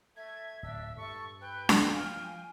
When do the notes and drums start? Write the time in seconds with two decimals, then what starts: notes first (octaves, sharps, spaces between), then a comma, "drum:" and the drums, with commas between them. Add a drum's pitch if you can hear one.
0.16 A3 E5 G#6
0.63 D1 D4 E6
0.97 G2 A4 C#6
1.41 B4 G5 F#6
1.69 drum: snare D4
1.91 F3 F5 G#5